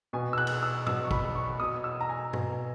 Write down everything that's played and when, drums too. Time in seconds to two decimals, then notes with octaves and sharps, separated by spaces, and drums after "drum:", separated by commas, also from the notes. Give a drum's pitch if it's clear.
0.13 B2 G#5
0.33 E6
0.38 F#6
0.47 drum: cymbal
0.63 E6
0.86 B2 E6, drum: tom
1.04 C#6
1.11 B5, drum: kick
1.35 C#6
1.60 B2 D#6
1.84 E6
2.01 A#5
2.09 G#5
2.33 B2, drum: tom